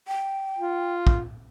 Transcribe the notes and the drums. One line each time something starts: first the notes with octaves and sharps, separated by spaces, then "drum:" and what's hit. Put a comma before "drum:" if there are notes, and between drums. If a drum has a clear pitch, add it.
G5
F4
drum: kick